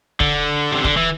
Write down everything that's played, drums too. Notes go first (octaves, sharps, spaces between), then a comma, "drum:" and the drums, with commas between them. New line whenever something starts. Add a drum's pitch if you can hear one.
D3, drum: kick
C3
D3, drum: kick
E3